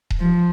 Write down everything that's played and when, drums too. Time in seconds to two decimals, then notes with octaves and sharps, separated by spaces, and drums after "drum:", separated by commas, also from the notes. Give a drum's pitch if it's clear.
0.10 drum: kick D#1
0.20 F3